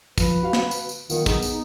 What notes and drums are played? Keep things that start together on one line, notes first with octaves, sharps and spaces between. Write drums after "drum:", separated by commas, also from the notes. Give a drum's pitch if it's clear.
F3 B4, drum: kick, tambourine
F#4 F5
drum: snare
drum: tambourine
drum: tambourine
D#3 B3 F4, drum: tambourine
B3 D#4 G#4, drum: kick, tambourine
drum: tambourine